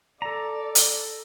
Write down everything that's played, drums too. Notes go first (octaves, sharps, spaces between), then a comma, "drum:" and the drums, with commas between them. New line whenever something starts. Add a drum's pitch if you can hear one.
A4 D5 A#5
drum: hi-hat